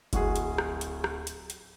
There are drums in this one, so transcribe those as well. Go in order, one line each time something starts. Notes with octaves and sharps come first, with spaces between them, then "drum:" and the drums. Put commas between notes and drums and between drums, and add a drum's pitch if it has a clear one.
D1 F#4 G#4, drum: kick F#1, hi-hat
drum: hi-hat
drum: rim click
drum: hi-hat
drum: rim click
drum: hi-hat
drum: hi-hat